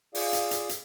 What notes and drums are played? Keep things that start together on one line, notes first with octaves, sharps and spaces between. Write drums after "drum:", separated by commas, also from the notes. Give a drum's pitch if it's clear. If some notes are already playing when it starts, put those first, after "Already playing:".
F4 G#4 D5 F5, drum: open hi-hat
drum: hi-hat
drum: hi-hat
drum: hi-hat